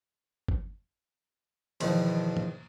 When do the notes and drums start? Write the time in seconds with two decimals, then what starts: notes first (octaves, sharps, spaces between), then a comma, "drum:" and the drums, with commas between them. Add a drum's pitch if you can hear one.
0.48 drum: kick G1
1.81 E2 B2 D#3 F3, drum: cymbal
2.37 drum: tom